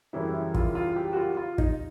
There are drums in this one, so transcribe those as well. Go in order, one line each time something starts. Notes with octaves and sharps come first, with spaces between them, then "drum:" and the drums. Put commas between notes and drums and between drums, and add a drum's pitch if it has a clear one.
F#2 C#3 E3 G3 E4
E4
F4, drum: kick
F4
G4
F#4
F4
F4
D#4, drum: kick